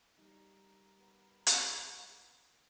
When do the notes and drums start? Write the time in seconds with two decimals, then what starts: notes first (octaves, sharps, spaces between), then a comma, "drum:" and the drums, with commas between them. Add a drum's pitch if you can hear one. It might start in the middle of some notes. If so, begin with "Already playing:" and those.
0.18 G3 D#4 A#4
0.99 B3
1.47 drum: hi-hat